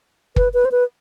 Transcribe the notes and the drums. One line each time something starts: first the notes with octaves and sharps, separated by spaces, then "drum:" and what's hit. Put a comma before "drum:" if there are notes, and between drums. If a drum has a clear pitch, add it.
B4, drum: kick
B4
C5
B4